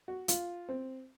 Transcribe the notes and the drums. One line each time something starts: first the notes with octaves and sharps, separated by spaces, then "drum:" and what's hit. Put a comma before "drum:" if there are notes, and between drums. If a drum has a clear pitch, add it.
F#4
F4, drum: hi-hat
C4